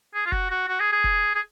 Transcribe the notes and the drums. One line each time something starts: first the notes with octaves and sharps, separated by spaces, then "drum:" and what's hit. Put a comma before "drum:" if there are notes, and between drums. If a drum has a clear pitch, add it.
G#4
F4
F#4, drum: kick F1
F#4
F#4
G#4
G#4
drum: kick F1
G#4